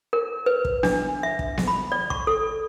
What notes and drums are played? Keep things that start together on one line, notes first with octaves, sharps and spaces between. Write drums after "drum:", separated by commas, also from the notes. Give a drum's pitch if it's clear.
A#4
B4
drum: kick
D4, drum: snare B3
E5
drum: kick
drum: snare B3
B5
D5
C#6, drum: kick
A4